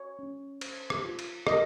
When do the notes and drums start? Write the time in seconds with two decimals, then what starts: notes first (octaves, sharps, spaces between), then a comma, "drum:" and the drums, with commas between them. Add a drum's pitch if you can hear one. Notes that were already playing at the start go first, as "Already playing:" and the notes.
Already playing: C#5
0.19 C#4
0.61 C5, drum: cymbal
0.90 drum: rim click
1.05 F4
1.19 drum: cymbal
1.47 A#4 D#5, drum: rim click